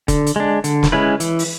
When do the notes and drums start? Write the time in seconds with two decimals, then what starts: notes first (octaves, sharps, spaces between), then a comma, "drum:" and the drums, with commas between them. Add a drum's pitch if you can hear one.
0.08 D3, drum: kick F1, hi-hat
0.27 drum: hi-hat
0.36 G#3 D4
0.64 D3, drum: hi-hat
0.83 drum: snare
0.92 G#3 C#4 E4 B4
1.20 E3, drum: hi-hat
1.39 drum: open hi-hat